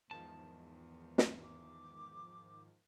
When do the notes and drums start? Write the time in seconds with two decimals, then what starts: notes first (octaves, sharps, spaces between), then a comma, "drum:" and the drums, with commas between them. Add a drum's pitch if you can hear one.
0.11 E2 G#2 D#3 F3 A5
1.18 drum: snare
1.43 D6